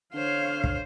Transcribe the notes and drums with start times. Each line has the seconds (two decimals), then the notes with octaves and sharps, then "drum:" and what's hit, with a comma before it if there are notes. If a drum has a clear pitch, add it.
0.14 D3 C5 C#5 F5
0.64 drum: kick